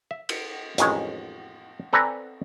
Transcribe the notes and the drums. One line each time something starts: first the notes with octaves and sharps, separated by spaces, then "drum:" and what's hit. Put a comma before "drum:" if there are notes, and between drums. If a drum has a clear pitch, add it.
E5
drum: cymbal
A1 F2 D#3 G#3 C#5, drum: hi-hat
C4 A4 B4 D5 G#5 A#5